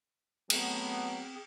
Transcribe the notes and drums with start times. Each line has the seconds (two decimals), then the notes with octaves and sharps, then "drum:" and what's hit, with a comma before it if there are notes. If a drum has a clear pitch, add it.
0.50 F#3 A3 B3 C4 G#4, drum: cymbal